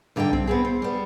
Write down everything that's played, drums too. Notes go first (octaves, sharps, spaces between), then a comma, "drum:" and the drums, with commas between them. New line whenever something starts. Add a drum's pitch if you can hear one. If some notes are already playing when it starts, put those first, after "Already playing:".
G2 D3 D#4 B4 G5
C4, drum: kick B1
B3 C4 G#4
C5
G3 B3